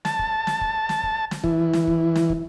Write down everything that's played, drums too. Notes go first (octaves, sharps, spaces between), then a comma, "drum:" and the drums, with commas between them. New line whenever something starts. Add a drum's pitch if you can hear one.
A5, drum: snare
drum: kick
drum: snare
drum: kick
drum: snare
drum: kick
drum: snare
E3, drum: kick
drum: snare
drum: kick
drum: snare
drum: kick